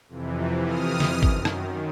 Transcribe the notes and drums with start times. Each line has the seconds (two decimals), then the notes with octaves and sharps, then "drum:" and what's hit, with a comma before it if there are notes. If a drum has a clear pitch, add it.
0.08 F2 C3 E3
0.65 D#6 F6
1.00 drum: snare
1.22 F#2 D#3, drum: kick
1.45 drum: rim click